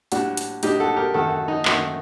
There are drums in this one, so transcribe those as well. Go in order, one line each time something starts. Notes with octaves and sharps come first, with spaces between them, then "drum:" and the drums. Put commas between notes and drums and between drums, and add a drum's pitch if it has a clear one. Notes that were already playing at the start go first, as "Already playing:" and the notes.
A2 G3 D4 F#4, drum: hi-hat
drum: hi-hat
A2 G3 D4 D#4 G4, drum: hi-hat
F#4 A4
G4 A#4
F#2 D#3 A3 F#4 A4
F#4
D#4
F#2 D#3 A3 F#4, drum: clap